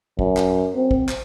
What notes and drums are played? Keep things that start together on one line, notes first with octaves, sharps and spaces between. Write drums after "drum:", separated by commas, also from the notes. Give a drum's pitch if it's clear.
F#2, drum: kick
drum: clap
C4
drum: kick
drum: clap